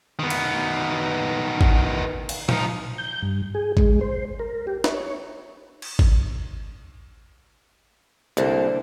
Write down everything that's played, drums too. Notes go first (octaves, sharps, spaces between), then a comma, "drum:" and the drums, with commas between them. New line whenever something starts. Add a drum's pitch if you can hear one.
D#3 B3
drum: cymbal
drum: kick G#1
drum: cymbal
F3 D#4, drum: tom A#2
G6
G2
G#4
G#3, drum: kick G#1
C5
A#4
G4
C#5, drum: snare
drum: cymbal
drum: kick G#1
C2 D3 A#3 C5